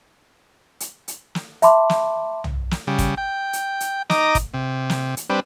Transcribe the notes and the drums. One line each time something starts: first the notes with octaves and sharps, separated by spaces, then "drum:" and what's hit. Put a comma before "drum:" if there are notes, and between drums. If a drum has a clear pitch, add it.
drum: hi-hat
drum: hi-hat
drum: snare
E5 A5 B5 C6 D6, drum: hi-hat
drum: snare
drum: tom
drum: snare
C#3 G3
drum: kick, hi-hat
G5
drum: hi-hat
drum: hi-hat
D#4 D#5 A#5 D6, drum: snare
drum: kick, hi-hat
C3
drum: snare
drum: hi-hat
G3 C4 D4 B4